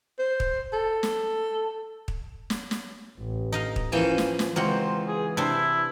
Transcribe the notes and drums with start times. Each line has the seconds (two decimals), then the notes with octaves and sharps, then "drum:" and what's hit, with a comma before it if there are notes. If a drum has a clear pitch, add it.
0.19 C5
0.40 drum: kick
0.73 A4
1.03 drum: snare
2.08 drum: kick
2.50 drum: snare
2.71 drum: snare
3.19 A1
3.52 D#4 D#5 F5
3.76 drum: kick
3.92 E3 F3 A#3 C#4 G5 G#5
4.18 drum: snare
4.39 drum: snare
4.56 C#2 E3 A#3 C4 F#4 C5
5.08 G#4
5.37 C3 D4 E4 C5